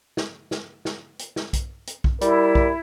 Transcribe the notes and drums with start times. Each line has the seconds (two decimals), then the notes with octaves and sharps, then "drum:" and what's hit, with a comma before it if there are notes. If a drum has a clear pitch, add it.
0.17 drum: snare
0.51 drum: snare
0.85 drum: snare
1.19 drum: hi-hat
1.36 drum: snare
1.53 drum: kick B1, hi-hat
1.87 drum: hi-hat
2.04 drum: kick B1
2.21 G3 E4 A#4, drum: hi-hat
2.55 drum: kick B1